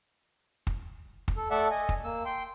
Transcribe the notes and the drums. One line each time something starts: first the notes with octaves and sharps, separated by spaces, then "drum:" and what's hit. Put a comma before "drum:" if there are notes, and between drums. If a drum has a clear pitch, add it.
drum: kick
drum: kick
A4
A3 A4 D5 E5 F#5 A5
D#5 G#5
drum: kick
A#3 E6
G5 C6